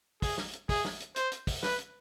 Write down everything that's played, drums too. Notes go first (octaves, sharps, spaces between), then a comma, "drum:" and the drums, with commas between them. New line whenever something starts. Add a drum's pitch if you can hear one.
G#4, drum: kick, open hi-hat
drum: snare
drum: hi-hat
G#4, drum: kick, open hi-hat
drum: snare
drum: hi-hat
C5, drum: hi-hat
drum: hi-hat
drum: kick, open hi-hat
B4, drum: snare
drum: hi-hat